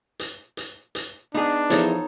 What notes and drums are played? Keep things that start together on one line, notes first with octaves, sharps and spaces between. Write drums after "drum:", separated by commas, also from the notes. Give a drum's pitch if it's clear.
drum: hi-hat
drum: hi-hat
drum: hi-hat
B3 D4 D#4 G#4
E2 F3 D#4 A4 C#5, drum: hi-hat